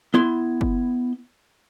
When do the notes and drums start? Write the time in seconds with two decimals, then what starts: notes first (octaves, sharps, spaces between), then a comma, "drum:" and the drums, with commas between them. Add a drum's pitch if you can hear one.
0.14 B3 E4 C6
0.61 drum: kick